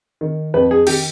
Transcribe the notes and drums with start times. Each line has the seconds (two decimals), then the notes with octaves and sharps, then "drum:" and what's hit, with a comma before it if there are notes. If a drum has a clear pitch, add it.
0.21 D#3
0.54 F2 B4
0.71 G#4
0.87 D#3 G4, drum: cymbal